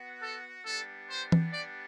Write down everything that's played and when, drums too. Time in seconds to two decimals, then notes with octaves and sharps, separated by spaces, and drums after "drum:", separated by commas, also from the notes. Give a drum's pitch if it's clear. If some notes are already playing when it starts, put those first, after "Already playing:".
Already playing: B3 F#4
0.21 A4
0.65 G3 B3 D4 G4 A4
1.09 C5
1.32 drum: tom E3
1.52 D5